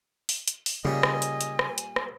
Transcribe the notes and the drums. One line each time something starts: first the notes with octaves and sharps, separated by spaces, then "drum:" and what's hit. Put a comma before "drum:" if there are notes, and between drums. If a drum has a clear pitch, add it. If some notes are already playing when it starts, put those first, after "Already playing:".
drum: open hi-hat
drum: hi-hat
drum: open hi-hat
A#2 C#3 G3 D#5 G#5
drum: rim click
drum: hi-hat
drum: hi-hat
drum: rim click
drum: hi-hat
drum: rim click